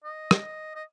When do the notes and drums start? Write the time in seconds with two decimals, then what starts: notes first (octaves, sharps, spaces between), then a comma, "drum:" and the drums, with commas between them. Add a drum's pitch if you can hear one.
0.04 D#5
0.31 drum: rim click
0.76 D#5